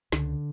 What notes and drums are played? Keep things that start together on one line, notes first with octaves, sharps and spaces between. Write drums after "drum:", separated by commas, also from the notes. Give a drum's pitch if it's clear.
C#2 D3, drum: snare